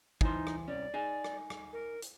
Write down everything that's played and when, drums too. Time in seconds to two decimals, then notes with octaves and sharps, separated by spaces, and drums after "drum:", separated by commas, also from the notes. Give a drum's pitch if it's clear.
0.21 E3 D#4 C5, drum: kick
0.47 drum: rim click
0.68 C2 C#4 D5
0.94 D#4 G#4
1.24 drum: rim click
1.50 drum: rim click
1.73 A#4
2.02 drum: hi-hat